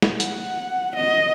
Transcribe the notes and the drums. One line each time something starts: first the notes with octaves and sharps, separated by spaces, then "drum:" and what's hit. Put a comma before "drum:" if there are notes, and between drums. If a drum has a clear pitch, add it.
drum: snare
F#5, drum: hi-hat
D#5